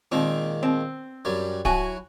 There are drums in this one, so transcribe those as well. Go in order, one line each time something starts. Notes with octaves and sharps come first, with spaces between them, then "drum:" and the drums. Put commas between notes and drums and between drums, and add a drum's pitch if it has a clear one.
A#2 D#3 G#3 C4
C4
F#2 F#3 G3
F#3 E4 F#4 G#5, drum: kick D1